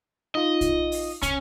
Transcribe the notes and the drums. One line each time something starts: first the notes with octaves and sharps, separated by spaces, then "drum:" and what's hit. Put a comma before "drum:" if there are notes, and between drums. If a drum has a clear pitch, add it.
D#4 F4 D#5
drum: kick, hi-hat
drum: open hi-hat
C#4, drum: kick, hi-hat